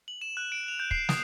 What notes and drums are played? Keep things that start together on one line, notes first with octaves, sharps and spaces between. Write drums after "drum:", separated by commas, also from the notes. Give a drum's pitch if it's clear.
F#7
E7
F#6
D7
F7
G6
C7, drum: kick
D#6, drum: snare